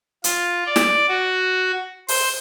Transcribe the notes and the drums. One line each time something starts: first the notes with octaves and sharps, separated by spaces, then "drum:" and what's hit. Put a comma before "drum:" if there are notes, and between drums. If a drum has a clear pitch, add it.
F4, drum: hi-hat
D5
drum: snare
F#4
C5, drum: open hi-hat